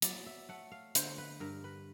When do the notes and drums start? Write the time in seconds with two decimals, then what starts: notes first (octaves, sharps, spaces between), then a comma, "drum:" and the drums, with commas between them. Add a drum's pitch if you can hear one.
0.02 F#3 D5, drum: hi-hat
0.26 E5
0.49 A3 F#5
0.71 F5
0.95 D3 C5, drum: hi-hat
1.18 B4
1.40 G2 A#4
1.64 B4